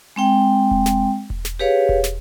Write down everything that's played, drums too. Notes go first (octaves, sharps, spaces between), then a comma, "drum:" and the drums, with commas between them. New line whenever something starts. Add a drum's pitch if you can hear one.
G#3 C4 G5
drum: kick E1
drum: snare
drum: kick E1
drum: snare
G4 G#4 B4 C#5 F5
drum: kick E1
drum: snare